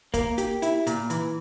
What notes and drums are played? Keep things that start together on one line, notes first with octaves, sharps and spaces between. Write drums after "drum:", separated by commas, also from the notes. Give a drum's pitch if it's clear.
A#3, drum: kick, hi-hat
G4, drum: hi-hat
E4, drum: hi-hat
A#2, drum: hi-hat
E3, drum: hi-hat